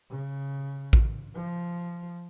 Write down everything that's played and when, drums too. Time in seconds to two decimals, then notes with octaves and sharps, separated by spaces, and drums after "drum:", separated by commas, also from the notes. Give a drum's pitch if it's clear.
0.10 C#3
0.93 drum: kick A1
1.35 F3